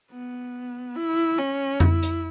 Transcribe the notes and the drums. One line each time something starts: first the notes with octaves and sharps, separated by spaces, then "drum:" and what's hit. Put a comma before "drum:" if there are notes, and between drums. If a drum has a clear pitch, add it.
B3
E4
C#4
E4, drum: tom F2
drum: hi-hat